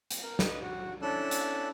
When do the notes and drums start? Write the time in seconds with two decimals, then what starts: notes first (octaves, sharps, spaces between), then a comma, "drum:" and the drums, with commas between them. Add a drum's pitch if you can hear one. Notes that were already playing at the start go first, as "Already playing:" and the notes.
0.11 drum: hi-hat
0.23 A#4
0.39 B4 D#5, drum: snare
0.63 F#4
1.02 C#4 D4 E4 A4 E6 F#6
1.31 drum: hi-hat